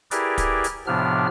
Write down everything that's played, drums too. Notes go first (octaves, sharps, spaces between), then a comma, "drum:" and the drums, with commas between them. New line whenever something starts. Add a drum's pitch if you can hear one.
E4 G4 G#4 A#4 B4 D5, drum: hi-hat
drum: kick, hi-hat
drum: hi-hat
A2 C3 F3 B3 D4 F6